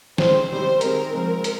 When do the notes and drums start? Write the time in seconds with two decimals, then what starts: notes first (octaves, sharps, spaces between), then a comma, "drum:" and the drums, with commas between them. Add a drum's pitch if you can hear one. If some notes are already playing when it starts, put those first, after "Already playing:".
0.18 C3 D#3 G#3 C4 C5, drum: snare
0.50 D#3 G3 C4 C5
0.81 D#3 G#3 C4 A#4, drum: hi-hat
1.13 C#3 F3 G#3 C4
1.44 drum: hi-hat